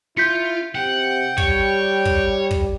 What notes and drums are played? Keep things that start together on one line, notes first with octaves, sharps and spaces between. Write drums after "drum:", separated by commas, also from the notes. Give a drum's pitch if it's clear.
E4 F4 C6 G6 B6 C#7
C3 F#5 G5
G3 C#5, drum: kick
drum: kick
drum: kick